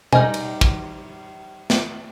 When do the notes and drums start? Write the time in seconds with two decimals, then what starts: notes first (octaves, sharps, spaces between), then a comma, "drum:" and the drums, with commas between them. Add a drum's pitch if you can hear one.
0.13 G3 D#4 A#4 D#5 G#5, drum: tom B2
0.34 drum: cymbal
0.61 drum: kick
1.70 drum: snare